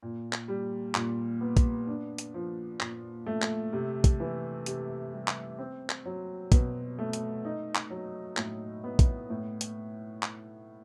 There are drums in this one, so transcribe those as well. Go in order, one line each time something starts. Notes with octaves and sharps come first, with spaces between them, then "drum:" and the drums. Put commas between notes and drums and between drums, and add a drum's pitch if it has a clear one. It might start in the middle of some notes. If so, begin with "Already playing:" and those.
A#2
drum: clap
G3
A#2, drum: clap
B3
drum: kick A#1, hi-hat
D4
drum: hi-hat
F3
A#2, drum: clap
A3
drum: clap
C3
drum: kick A#1, hi-hat
E3
C3, drum: hi-hat
G3
drum: clap
C4
drum: clap
F#3
B2, drum: kick A#1, hi-hat
A3
drum: hi-hat
D#4
drum: clap
F#3
A2, drum: clap
B3
drum: kick A#1, hi-hat
A2
drum: hi-hat
drum: clap